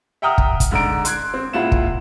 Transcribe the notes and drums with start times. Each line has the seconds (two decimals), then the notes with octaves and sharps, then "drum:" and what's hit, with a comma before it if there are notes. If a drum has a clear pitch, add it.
0.22 E5 F#5 G5 A#5 D#6 F6
0.38 drum: kick
0.60 drum: kick, hi-hat
0.71 G#2 D3 D5 A#5 D7
1.05 C6 F#6 G#6, drum: hi-hat
1.34 C4
1.53 C#2 A#2 E4 F4 F#5 E7
1.72 drum: kick